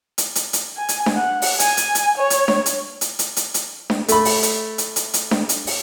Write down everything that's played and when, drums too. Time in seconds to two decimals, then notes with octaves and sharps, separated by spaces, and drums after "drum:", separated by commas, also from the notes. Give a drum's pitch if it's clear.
0.18 drum: hi-hat
0.35 drum: hi-hat
0.53 drum: hi-hat
0.76 G#5
0.89 drum: hi-hat
1.06 drum: snare D4
1.16 F#5
1.42 drum: open hi-hat
1.59 G#5, drum: hi-hat
1.77 drum: hi-hat
1.95 drum: hi-hat
2.18 C#5
2.30 drum: hi-hat
2.48 drum: snare D4
2.66 drum: hi-hat
3.01 drum: hi-hat
3.19 drum: hi-hat
3.36 drum: hi-hat
3.54 drum: hi-hat
3.90 drum: snare D4
4.08 A3 B5, drum: hi-hat
4.25 drum: open hi-hat
4.43 drum: hi-hat
4.78 drum: hi-hat
4.96 drum: hi-hat
5.14 drum: hi-hat
5.31 drum: snare D4
5.49 drum: hi-hat
5.67 drum: open hi-hat